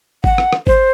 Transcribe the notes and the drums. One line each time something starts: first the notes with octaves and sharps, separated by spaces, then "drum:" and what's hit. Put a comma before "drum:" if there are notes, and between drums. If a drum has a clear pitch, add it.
F#5, drum: kick G#1
drum: rim click
drum: rim click
C5, drum: kick G#1